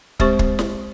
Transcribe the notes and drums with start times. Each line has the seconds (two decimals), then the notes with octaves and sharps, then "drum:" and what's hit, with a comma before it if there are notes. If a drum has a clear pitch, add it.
0.20 G#3 C4 G4 C5 C#6, drum: kick
0.39 drum: kick
0.59 drum: snare